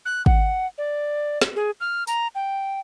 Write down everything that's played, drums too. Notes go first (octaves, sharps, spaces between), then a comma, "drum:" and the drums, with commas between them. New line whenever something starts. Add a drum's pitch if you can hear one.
F#6
F#5, drum: kick
D5
drum: snare
G#4
F6
A#5, drum: tambourine
G5